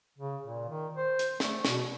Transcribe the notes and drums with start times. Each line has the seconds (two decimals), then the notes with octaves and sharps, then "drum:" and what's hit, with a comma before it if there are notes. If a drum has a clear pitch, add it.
0.18 C#3
0.44 A#2
0.69 D#3
0.97 C5
1.19 drum: hi-hat
1.40 A3, drum: snare
1.65 B2, drum: snare